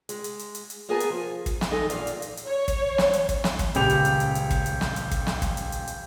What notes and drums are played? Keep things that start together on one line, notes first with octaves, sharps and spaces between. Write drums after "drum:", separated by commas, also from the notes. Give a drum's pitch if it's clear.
G#3, drum: hi-hat
drum: hi-hat
drum: hi-hat
drum: hi-hat
drum: hi-hat
A#3 B3 G#4 A#4 G#5 A5
drum: hi-hat
F3
drum: kick, hi-hat
drum: snare
D#4 A4 G#5
E2 A#2 F5, drum: hi-hat
drum: hi-hat
drum: hi-hat
drum: hi-hat
C#5
drum: kick, hi-hat
drum: snare
drum: hi-hat
drum: kick, hi-hat
drum: snare
drum: kick, hi-hat
D#1 C#2 G4 F7, drum: hi-hat
drum: hi-hat
drum: hi-hat
drum: hi-hat
drum: hi-hat
drum: kick, hi-hat
drum: hi-hat
drum: snare
drum: hi-hat
drum: kick, hi-hat
drum: snare
drum: kick, hi-hat
drum: hi-hat
drum: hi-hat
drum: hi-hat